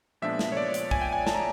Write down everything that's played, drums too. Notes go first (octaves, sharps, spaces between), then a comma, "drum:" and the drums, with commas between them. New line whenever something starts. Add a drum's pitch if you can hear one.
A#2 F3 G#3 B3 D4 E5
drum: snare
C#5
D5
drum: hi-hat
G#5, drum: kick
G5
G#5
A5, drum: snare
A#5